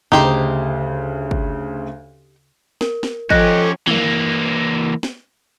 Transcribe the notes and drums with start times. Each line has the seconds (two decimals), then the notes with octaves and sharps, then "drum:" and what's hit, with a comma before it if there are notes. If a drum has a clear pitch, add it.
0.12 D2 C#3 D#4 G4 C5
1.31 drum: kick
2.81 A#4, drum: snare
3.03 drum: snare
3.30 F3 C#4 G4 A4 D#5 F#6 A#6, drum: kick
3.87 E3 A#3, drum: tom
5.03 drum: snare